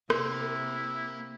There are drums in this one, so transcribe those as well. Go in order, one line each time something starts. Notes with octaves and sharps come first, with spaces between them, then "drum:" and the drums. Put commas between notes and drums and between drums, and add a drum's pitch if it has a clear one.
C3 A#3 E4, drum: rim click